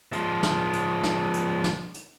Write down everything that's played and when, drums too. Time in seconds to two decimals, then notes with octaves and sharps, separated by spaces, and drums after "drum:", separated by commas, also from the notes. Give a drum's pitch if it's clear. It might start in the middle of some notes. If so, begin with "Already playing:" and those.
0.13 F3 G#3, drum: hi-hat
0.43 drum: snare
0.73 drum: hi-hat
1.03 drum: snare
1.34 drum: hi-hat
1.64 drum: snare
1.94 drum: hi-hat